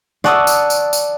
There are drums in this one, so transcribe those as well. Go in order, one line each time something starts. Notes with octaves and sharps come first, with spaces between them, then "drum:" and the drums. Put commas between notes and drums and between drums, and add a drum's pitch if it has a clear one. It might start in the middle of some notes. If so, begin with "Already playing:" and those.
D5 F#5 A5 C#6 D#6 E6, drum: rim click
drum: tambourine
drum: tambourine
drum: tambourine